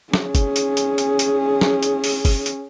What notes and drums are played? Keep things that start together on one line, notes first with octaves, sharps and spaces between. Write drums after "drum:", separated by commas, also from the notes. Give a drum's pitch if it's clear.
C#4 G#4, drum: snare
drum: kick, hi-hat
drum: hi-hat
drum: hi-hat
drum: hi-hat
drum: hi-hat
drum: snare
drum: hi-hat
drum: open hi-hat
drum: kick, open hi-hat
drum: hi-hat